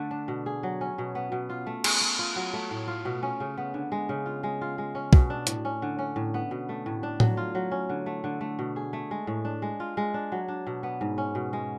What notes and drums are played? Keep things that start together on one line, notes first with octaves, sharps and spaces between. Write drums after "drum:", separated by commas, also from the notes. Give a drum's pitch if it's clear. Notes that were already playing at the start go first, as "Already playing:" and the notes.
Already playing: D3 A3
D4
B2
G#4
F#3
C#4
B2
B3
B2
F4
A3
G#4, drum: cymbal
A3
F4
F#3
A3
A2
F4
B2
C#4
C#3
B3
D3
G#3
C#3
F4
G#3
F4
G#3
C#4
B2, drum: kick
D4
A2, drum: hi-hat
C#4
D3
C#4
A2
B3
B2
A3
A2
D4
F#3, drum: tom A2
F4
F#3
C#4
D3
A3
D3
A3
B2
G#4
A3
G#3
A2
D4
G#3
F4
G#3
D4
F#3
D4
B2
B3
G#2
C#4
B2
G#3